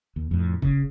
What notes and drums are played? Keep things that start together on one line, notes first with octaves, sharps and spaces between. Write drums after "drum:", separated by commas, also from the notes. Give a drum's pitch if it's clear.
D#2
F2 A2
C#3, drum: kick